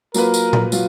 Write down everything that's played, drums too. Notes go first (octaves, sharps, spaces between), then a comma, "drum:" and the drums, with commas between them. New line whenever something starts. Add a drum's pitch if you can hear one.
F#3 A#3 F4 A#4 B4, drum: tambourine
drum: tambourine
drum: tom A#2
F#3 F4, drum: tambourine